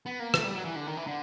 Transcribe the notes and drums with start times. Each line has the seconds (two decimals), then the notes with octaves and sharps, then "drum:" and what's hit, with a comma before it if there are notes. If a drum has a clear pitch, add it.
0.06 B3
0.20 A#3
0.34 A3, drum: rim click
0.44 G3
0.55 F#3
0.65 E3
0.76 D3
0.87 D#3
0.97 E3
1.07 D3